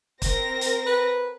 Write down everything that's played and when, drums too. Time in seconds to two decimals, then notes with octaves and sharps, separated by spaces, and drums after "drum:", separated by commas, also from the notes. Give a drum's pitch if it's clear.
0.22 C4 A#4 A#6, drum: kick, hi-hat
0.61 drum: hi-hat
0.86 B4